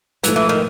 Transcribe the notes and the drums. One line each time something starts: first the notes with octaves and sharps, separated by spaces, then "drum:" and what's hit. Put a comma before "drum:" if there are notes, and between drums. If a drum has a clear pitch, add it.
G#2 E3 F3 A3, drum: hi-hat
E3
D#3